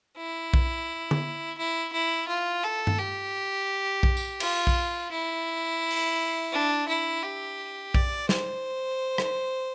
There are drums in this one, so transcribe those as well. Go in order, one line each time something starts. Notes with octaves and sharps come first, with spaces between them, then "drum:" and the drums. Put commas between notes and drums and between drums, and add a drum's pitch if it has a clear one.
E4
drum: kick B1
drum: tom D3
E4
E4
F4
A4
drum: tom G2
G4
drum: kick B1
drum: tambourine
F4, drum: cymbal
drum: kick B1
E4
drum: open hi-hat
D4
E4
G4
D5, drum: kick B1
C5, drum: snare
drum: rim click